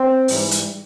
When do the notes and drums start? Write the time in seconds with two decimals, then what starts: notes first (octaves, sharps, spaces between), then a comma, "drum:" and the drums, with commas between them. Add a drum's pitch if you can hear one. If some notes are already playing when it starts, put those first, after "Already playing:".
Already playing: C4
0.28 G#2 E3 G3, drum: open hi-hat
0.51 drum: hi-hat